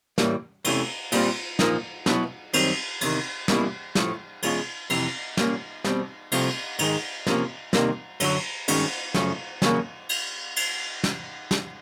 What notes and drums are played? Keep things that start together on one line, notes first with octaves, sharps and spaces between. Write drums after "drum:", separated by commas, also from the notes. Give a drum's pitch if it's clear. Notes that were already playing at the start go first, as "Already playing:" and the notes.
A2 E3 G3 A#3, drum: snare
E2 C3 E3 A3 C#4, drum: cymbal
A#2 G3 C4 F4, drum: cymbal
A#2 F3 A#3 D#4, drum: snare
B2 F#3 B3 E4, drum: snare
F#2 D#3 G3 C4, drum: cymbal
E2 C3 D#3, drum: cymbal
B2 G3 A#3 C#4 E4, drum: snare
A2 F3 A3, drum: snare
E2 B2 G#3 C#4 F4, drum: cymbal
F2 C3 E3, drum: cymbal
A#2 G3 A#3 C#4, drum: snare
B2 G3 C4, drum: snare
C2 C3 F3 A3 C4, drum: cymbal
G#2 D#3 G#3, drum: cymbal
C3 F3 A#3 C#4, drum: snare
C3 D#3 G3 A#3, drum: snare
F#2 D3 F#3, drum: cymbal
G2 D#3 G#3 C#4 F#4, drum: cymbal
F#2 C#3 F3 A3, drum: snare
E2 C#3 F#3 A#3 C#4, drum: snare
drum: cymbal
drum: cymbal
drum: snare
drum: snare